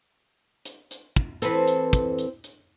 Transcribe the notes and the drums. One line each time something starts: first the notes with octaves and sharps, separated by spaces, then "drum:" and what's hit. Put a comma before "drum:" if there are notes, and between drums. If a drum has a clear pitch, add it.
drum: hi-hat
drum: hi-hat
drum: kick
E3 C4 A4 B4, drum: hi-hat
drum: hi-hat
drum: kick, hi-hat
drum: hi-hat
drum: hi-hat